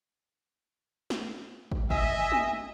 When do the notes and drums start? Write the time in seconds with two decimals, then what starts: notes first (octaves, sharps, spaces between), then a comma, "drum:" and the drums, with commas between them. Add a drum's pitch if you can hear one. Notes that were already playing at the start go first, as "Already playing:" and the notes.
1.10 drum: snare
1.72 drum: kick
1.90 D#5 E5 G#5, drum: kick
2.32 drum: tom